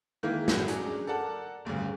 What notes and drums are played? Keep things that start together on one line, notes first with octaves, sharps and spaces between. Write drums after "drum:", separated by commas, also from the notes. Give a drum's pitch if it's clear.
D#3 E3 G#3 A#3 E4
A2 F#3 F#4 F#6 G6, drum: snare
F#3 G#3 C#4 D4 G#4, drum: hi-hat
A4 A#4 D5 F#5 A5
D1 D2 G2 C#3